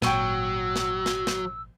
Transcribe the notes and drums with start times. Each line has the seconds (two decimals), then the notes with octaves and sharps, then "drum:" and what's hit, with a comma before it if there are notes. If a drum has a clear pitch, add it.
0.02 G#1 A#2 F#3 G5 C#6 E6 D#7, drum: snare
0.76 drum: snare
1.06 drum: snare
1.27 drum: snare